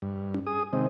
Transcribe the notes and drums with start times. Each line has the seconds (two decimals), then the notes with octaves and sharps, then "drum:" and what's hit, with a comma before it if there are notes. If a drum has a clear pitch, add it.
0.02 G2
0.34 drum: tom C#4
0.47 G#4 D#6
0.73 C3 D#3 G#3 C4